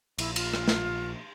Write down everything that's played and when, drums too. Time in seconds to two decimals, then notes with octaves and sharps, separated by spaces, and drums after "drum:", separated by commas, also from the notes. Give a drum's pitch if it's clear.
0.18 A#1 E4, drum: cymbal
0.36 F4, drum: cymbal
0.54 drum: rim click
0.68 drum: snare